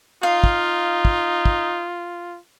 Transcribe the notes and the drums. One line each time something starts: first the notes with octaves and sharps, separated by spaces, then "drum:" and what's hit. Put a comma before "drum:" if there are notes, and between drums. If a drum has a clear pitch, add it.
D#4 F4 F5
drum: kick
drum: kick
drum: kick